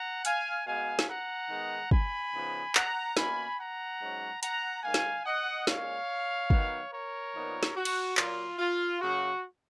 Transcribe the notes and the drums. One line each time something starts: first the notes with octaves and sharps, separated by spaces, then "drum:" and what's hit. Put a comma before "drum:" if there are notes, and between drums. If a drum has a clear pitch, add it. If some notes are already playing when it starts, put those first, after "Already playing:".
Already playing: F#5 A#5
F5 G#5, drum: hi-hat
B2 G#3 B3 F5 G#5
drum: snare
F#5 A#5
D#3 G#3 B3 D#4
G#5 B5, drum: kick
C#3 F3 B3 D#4
F#5 A#5, drum: clap
B2 A#3 C#4 G#5 B5, drum: snare
F#5 A#5
G#2 F#3 C#4
F#5 A#5, drum: hi-hat
G#2 D#3 A#3 F5 G#5
drum: snare
D#5 F#5
A#2 G#3 C#4 C#5 F5, drum: snare
D#3 F#3 B3 D#4, drum: kick
A#4 C#5
A#2 F3 B3 D#4
drum: snare
F#4
drum: cymbal
A#2 F#3 A#3 F4, drum: clap
F4
C#3 F#3 A#3 F#4